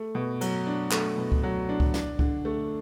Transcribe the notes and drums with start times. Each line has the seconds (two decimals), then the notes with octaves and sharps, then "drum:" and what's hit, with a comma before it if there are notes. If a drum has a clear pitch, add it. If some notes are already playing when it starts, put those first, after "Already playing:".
Already playing: A3
0.15 B2
0.41 F#3, drum: cymbal
0.67 D4
0.92 A3, drum: clap
1.18 B2
1.32 drum: kick C#2
1.43 F#3
1.69 D4
1.80 drum: kick C#2
1.94 D4, drum: snare
2.19 D3, drum: kick C#2
2.45 A3